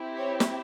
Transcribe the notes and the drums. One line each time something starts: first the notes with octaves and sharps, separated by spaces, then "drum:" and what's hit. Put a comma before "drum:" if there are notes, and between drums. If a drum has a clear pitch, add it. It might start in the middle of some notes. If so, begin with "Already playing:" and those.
Already playing: C4 E4 G4
C#5
drum: snare